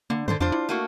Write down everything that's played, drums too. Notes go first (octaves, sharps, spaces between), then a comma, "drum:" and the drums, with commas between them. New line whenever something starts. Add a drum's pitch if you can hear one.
D3 A#3
G#2 D3 A4 C5, drum: tom D3
F2 D4 F4 C5
E4
A3 A#3 F#4